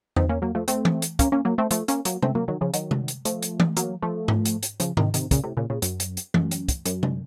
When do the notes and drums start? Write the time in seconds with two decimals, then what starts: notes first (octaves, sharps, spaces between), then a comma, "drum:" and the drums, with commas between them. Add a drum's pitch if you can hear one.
0.16 C4 D#4, drum: tom E2
0.29 A#3 C#4
0.42 F#3 A#3
0.55 F3 A3
0.68 A3 C4, drum: hi-hat
0.85 drum: tom E3
1.02 drum: hi-hat
1.19 A#3 C#4, drum: kick, hi-hat
1.32 A#3 C#4
1.45 F#3 A#3
1.58 A3 C4
1.71 F3 A3, drum: hi-hat
1.88 A#3 C#4, drum: hi-hat
2.05 F#3 A#3, drum: hi-hat
2.22 A3 C4, drum: tom C3
2.35 F#3 A#3
2.48 D#3 F#3
2.61 C#3 F3
2.74 D#3 F#3, drum: hi-hat
2.91 drum: tom C3
3.08 drum: hi-hat
3.25 F3 A3, drum: hi-hat
3.42 drum: hi-hat
3.60 drum: tom E3
3.77 F#3 A#3, drum: hi-hat
4.02 F3 A3
4.28 drum: tom G#2
4.45 drum: hi-hat
4.63 drum: hi-hat
4.80 C#3 F3, drum: hi-hat
4.97 C3 D#3, drum: tom G#2
5.14 C3 D#3, drum: hi-hat
5.31 A#2 C#3, drum: kick, hi-hat
5.44 A2 C3
5.57 A#2 C#3
5.70 A#2 C#3
5.82 F#2, drum: hi-hat
6.00 drum: hi-hat
6.17 drum: hi-hat
6.34 F#2, drum: tom E3
6.51 drum: hi-hat
6.68 drum: kick, hi-hat
6.85 F#2, drum: hi-hat
7.03 drum: tom C3